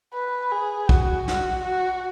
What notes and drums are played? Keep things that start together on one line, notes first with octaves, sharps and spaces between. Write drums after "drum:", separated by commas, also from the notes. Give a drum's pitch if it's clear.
B4
G#4
F#4, drum: kick
F#4, drum: snare
F#4